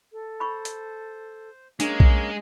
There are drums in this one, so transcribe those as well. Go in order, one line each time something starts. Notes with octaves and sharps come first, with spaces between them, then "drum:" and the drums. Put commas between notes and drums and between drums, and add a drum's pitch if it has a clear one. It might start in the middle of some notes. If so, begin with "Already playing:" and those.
A4
C5 B5 C#6
drum: hi-hat
G#3 A#3 C#4 D4, drum: hi-hat
drum: kick B1